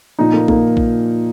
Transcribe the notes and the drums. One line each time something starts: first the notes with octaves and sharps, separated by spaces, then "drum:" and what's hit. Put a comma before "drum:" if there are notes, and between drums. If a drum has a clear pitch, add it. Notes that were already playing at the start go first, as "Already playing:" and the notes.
A#2 F3 D#4
A#3
A#3, drum: kick
drum: kick